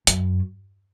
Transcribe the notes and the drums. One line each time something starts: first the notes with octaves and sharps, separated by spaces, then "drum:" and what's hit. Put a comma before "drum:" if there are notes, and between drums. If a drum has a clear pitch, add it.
F#2, drum: hi-hat